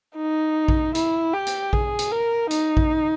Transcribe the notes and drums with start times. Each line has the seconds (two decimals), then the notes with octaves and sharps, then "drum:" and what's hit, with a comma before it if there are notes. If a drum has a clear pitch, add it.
0.16 D#4
0.68 drum: kick A#1
0.95 E4, drum: hi-hat
1.34 G4
1.47 drum: hi-hat
1.73 G#4, drum: kick A#1
1.99 drum: hi-hat
2.12 A#4
2.51 D#4, drum: hi-hat
2.77 drum: kick A#1